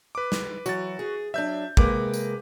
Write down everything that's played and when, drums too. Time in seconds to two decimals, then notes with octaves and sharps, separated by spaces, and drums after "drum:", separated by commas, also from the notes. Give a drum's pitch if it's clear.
0.15 B4 D6
0.32 drum: snare
0.66 E3 F#3 F#4 A6, drum: tambourine
0.99 G#4
1.34 F#3 D4 E5 G6
1.77 C3 G#3 A#3 B4 D6, drum: kick
2.14 drum: tambourine